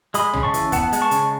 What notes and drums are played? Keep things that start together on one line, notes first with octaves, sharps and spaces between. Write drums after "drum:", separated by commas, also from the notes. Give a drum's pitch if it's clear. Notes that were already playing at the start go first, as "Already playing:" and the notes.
G#3 B5 D#6, drum: hi-hat
C#3, drum: tom
A5 C#6
E3, drum: hi-hat
B3 F#5 A5, drum: kick, hi-hat
G#3, drum: hi-hat
A5 C#6
C#3, drum: hi-hat